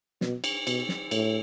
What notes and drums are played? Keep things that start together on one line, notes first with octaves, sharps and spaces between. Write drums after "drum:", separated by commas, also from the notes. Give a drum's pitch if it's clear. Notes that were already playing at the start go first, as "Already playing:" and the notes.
B2, drum: snare
drum: cymbal
B2, drum: cymbal
drum: snare
A2, drum: cymbal